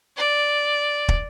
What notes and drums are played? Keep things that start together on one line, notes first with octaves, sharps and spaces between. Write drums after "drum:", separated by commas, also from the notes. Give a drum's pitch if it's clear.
D5
drum: kick